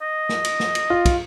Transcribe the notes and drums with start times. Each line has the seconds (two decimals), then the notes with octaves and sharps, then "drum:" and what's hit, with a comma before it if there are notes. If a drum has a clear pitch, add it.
0.02 D#5
0.29 drum: snare
0.44 drum: cymbal
0.60 drum: snare
0.75 drum: cymbal
0.90 F4
1.05 drum: kick, cymbal